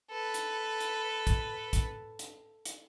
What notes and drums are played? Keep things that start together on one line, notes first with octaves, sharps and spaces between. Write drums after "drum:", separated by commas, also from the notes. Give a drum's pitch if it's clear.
A4 B4
drum: hi-hat
drum: hi-hat
drum: kick A#1, hi-hat
drum: kick A#1, hi-hat
drum: hi-hat
drum: hi-hat